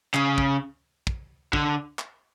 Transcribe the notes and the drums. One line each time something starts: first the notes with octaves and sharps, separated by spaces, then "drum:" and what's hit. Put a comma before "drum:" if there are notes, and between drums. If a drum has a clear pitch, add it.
C#3, drum: clap
drum: kick
drum: kick
D3, drum: kick
drum: clap